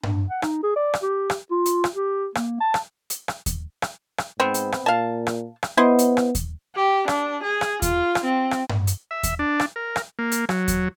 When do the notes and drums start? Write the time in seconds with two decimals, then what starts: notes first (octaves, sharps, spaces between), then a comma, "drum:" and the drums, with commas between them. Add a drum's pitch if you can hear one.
0.03 D4, drum: tom G2
0.29 F#5
0.42 D#4, drum: rim click
0.63 G#4
0.76 D5
0.94 drum: rim click
1.03 G4
1.30 drum: rim click
1.51 F4
1.66 drum: hi-hat
1.84 drum: rim click
1.95 G4
2.35 A#3, drum: rim click
2.60 A5
2.74 drum: rim click
3.10 drum: hi-hat
3.28 drum: rim click
3.46 drum: kick D#2, hi-hat
3.82 drum: rim click
4.18 drum: rim click
4.40 G#2 B3 C4
4.54 drum: hi-hat
4.72 drum: rim click
4.86 A#2 F5 A5
5.27 drum: rim click
5.63 drum: rim click
5.77 B3 E4 C5 D#5
5.99 drum: hi-hat
6.17 drum: rim click
6.35 drum: kick D#2, hi-hat
6.76 G4
7.08 D4, drum: rim click
7.43 G#4
7.61 drum: rim click
7.82 F4, drum: kick D#2, hi-hat
8.15 drum: rim click
8.24 C4
8.51 drum: rim click
8.69 drum: tom G2
8.87 drum: hi-hat
9.11 E5
9.23 drum: kick D#2, hi-hat
9.39 D4
9.60 drum: rim click
9.76 A#4
9.96 drum: rim click
10.19 A#3
10.32 drum: hi-hat
10.49 F#3, drum: rim click
10.68 drum: kick D#2, hi-hat